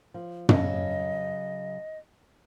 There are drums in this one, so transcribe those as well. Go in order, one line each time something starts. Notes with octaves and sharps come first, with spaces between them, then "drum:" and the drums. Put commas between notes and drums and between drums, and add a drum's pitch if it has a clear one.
F3
C#3 F#3 A4 D#5, drum: tom